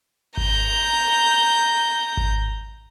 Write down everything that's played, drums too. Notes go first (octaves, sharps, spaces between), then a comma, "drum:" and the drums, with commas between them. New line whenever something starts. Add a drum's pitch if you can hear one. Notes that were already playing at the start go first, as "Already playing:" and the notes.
A#5 G6, drum: kick G#1
drum: kick G#1